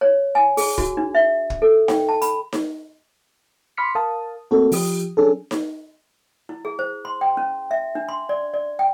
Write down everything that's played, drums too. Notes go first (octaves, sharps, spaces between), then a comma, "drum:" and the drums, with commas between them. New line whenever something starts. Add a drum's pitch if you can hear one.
C#5
G#5
G#4, drum: open hi-hat
F#4, drum: kick
D4
E5
drum: kick
A4
G5, drum: snare D#4
A5
B5, drum: hi-hat
drum: snare D#4
B5 C6 D6 F6 B6 C#7
A#4 F5 A5 D#6
A3 A#3 C4 F#4 A4 A#4
F3 G4 D#6, drum: open hi-hat
F#3 C#4 D4 G#4 A4
drum: snare D#4
E4
G#4
C5
C6
G5
C#4
E5
D4
C6
D5
D5
G5